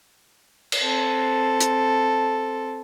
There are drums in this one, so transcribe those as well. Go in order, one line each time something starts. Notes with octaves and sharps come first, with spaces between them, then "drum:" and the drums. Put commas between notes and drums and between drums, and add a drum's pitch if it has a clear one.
drum: cymbal
C4 A4
drum: hi-hat